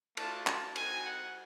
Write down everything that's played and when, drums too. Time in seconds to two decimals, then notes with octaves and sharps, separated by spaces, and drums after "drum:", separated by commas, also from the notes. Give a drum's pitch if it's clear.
0.17 A3 D4 F4 A5, drum: cymbal
0.47 A5, drum: clap
0.76 C4 D#4 F#4 G#5, drum: cymbal
1.05 F#5